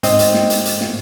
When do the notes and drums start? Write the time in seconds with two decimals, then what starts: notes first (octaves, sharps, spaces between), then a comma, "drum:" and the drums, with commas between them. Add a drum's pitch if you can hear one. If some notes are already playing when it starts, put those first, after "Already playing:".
0.03 G#2 C4 D#5, drum: hi-hat
0.19 drum: hi-hat
0.34 drum: snare
0.50 drum: hi-hat
0.65 drum: hi-hat
0.81 drum: snare